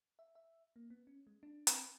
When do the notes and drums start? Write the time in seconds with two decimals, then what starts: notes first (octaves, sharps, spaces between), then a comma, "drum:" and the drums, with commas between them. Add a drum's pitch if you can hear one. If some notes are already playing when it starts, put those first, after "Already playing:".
0.19 E5
0.35 E5
0.76 A#3
0.90 B3
1.07 C#4
1.27 G#3
1.43 D4
1.67 C4, drum: hi-hat
1.84 B5